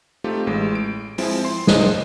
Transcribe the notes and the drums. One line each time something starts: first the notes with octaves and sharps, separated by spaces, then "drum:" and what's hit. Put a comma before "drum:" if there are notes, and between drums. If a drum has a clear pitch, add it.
A3 C4 D#4 F4 G4
A1 G#3
D7
F3 G#3 C4 E4, drum: open hi-hat
C6
D4 G#4 C5 D#5, drum: snare